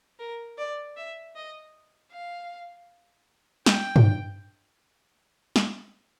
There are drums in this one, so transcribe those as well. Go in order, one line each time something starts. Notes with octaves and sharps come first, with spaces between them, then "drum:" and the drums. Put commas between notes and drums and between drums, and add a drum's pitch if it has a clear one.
A#4
D5
E5
D#5
F5
G5, drum: snare
drum: tom
drum: snare